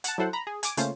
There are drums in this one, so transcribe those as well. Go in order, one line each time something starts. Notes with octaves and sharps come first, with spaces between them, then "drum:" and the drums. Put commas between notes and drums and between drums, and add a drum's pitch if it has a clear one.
F#5 A5, drum: hi-hat
F#3 E4 A4 C5 F#5
A#5 B5
G#4
G#5 D6, drum: hi-hat
C#3 A3 A#3 C#4 F4 C5, drum: hi-hat